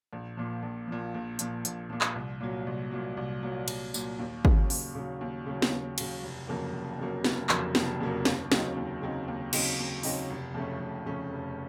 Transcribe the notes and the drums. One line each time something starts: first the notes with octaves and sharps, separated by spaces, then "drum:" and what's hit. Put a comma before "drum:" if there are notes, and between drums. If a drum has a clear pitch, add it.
A#1
A#2 F3
A#1
A#2 F3
A#1
A#2 F3, drum: hi-hat
A#1, drum: hi-hat
A#2 F3
drum: clap
C2
A#2 F#3
C2
A#2 F#3
C2
A#2 F#3
C2, drum: cymbal
A#2 F#3, drum: tambourine
D#2
C#3 F#3, drum: kick
D#2, drum: open hi-hat
C#3 F#3
D#2
C#3 F#3
drum: snare
D#2
C#3 F#3, drum: cymbal
F1
F2 C#3 F#3 A#3
F1
F2 C#3 F#3 A#3
F1, drum: snare
F2 C#3 F#3 A#3, drum: clap
F1, drum: snare
F2 C#3 F#3 A#3
D#2, drum: snare
C#3 F#3 C4 D#4, drum: snare
D#2
C#3 F#3 C4 D#4
D#2
C#3 F#3 C4 D#4, drum: cymbal
D#2
C#3 F#3 C4 D#4, drum: open hi-hat
F1
F2 C#3 A3 C#4
F1
F2 C#3 A3 C#4
F1